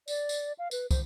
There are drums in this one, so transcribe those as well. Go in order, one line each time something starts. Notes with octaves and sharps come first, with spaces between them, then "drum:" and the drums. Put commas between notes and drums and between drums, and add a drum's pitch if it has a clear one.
D5, drum: tambourine
drum: tambourine
F5
B4, drum: tambourine
C5, drum: kick, tambourine